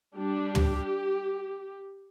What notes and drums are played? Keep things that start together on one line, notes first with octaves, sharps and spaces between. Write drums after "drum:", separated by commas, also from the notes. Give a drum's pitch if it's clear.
G3 D4 G4
drum: tom